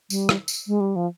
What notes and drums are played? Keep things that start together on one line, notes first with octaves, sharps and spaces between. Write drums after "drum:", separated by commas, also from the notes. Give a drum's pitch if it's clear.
G3, drum: tambourine
drum: rim click
drum: tambourine
G#3
G3
F3